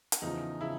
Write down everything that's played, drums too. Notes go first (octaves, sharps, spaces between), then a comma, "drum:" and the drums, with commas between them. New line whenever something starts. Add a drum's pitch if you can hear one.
drum: hi-hat
E2 C#3 F3 D#4
C#3 F3 E4